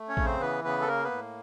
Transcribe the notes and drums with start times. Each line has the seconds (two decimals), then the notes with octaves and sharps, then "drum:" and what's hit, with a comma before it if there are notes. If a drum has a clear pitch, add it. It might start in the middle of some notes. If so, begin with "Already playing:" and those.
Already playing: A3
0.09 C#4 C#5
0.17 C#3, drum: kick
0.25 C4 C5
0.40 E3 B3 B4
0.64 C#3 B3 B4
0.81 A4
0.87 A#3 A#4
1.03 B3 B4
1.11 A2